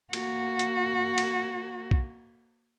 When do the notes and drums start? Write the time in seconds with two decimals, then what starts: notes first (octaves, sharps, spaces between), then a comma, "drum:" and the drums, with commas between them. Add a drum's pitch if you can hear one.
0.13 A#3 F#4, drum: cymbal
0.59 drum: hi-hat
1.18 drum: cymbal
1.91 drum: kick B1